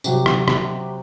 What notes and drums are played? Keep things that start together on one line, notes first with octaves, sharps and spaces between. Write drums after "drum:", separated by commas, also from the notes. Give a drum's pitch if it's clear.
C3 F#3 G4, drum: tambourine
drum: rim click
drum: rim click